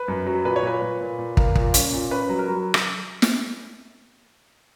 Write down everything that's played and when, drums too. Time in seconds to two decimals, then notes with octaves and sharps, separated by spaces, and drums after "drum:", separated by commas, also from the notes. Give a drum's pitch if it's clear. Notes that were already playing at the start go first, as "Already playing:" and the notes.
Already playing: B4
0.08 F#2
0.26 F#3
0.45 A#2 B4
0.56 C#5
0.63 A#2 B4
0.82 A#2
1.01 A#2
1.19 A#2
1.37 A#3, drum: kick
1.55 A#2, drum: kick
1.74 C#4, drum: hi-hat
1.92 A#2
2.11 C#4 B4
2.29 F#3
2.39 A#4
2.48 F#3
2.74 drum: rim click
3.22 drum: snare